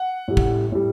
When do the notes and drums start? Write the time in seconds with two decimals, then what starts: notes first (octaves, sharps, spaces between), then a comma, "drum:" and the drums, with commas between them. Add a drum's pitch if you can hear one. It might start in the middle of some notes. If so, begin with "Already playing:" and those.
Already playing: F#5
0.28 A2 G3
0.37 drum: kick
0.72 A2 G3